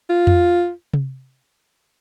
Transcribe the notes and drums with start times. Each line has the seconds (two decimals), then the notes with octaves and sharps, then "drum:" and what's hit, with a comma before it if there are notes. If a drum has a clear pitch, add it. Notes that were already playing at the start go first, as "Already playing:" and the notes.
0.10 F4
0.27 drum: tom F2
0.93 drum: tom C3